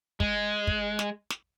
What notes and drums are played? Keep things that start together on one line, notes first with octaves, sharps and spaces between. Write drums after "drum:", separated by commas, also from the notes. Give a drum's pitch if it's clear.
G#3, drum: kick
drum: kick
drum: snare
drum: snare